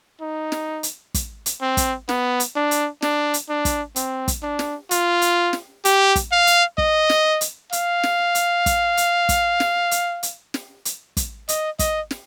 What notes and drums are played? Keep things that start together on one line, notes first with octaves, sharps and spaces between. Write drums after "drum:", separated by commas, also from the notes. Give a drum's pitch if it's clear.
D#4
drum: snare
drum: hi-hat
drum: kick, hi-hat
drum: hi-hat
C4
drum: kick, hi-hat
B3, drum: snare
drum: hi-hat
D4
drum: hi-hat
D4, drum: snare
drum: hi-hat
D4
drum: kick, hi-hat
C4, drum: hi-hat
drum: kick, hi-hat
D4
drum: snare
F4, drum: hi-hat
drum: hi-hat
drum: snare
G4, drum: hi-hat
drum: kick, hi-hat
F5
drum: hi-hat
D#5, drum: kick
drum: snare
drum: hi-hat
F5, drum: hi-hat
drum: snare
drum: hi-hat
drum: kick, hi-hat
drum: hi-hat
drum: kick, hi-hat
drum: snare
drum: hi-hat
drum: hi-hat
drum: snare
drum: hi-hat
drum: kick, hi-hat
D#5, drum: hi-hat
D#5, drum: kick, hi-hat
drum: snare